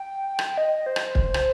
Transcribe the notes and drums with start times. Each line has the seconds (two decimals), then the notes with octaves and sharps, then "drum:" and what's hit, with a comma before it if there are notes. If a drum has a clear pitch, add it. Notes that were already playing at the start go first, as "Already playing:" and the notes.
Already playing: G5
0.39 drum: rim click
0.58 D#5
0.86 C5
0.96 drum: rim click
1.15 drum: kick
1.34 drum: rim click